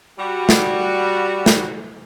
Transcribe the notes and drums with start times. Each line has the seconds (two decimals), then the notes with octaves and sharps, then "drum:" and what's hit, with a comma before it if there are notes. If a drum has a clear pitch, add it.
0.19 G3 F#4
0.49 drum: snare
1.46 drum: snare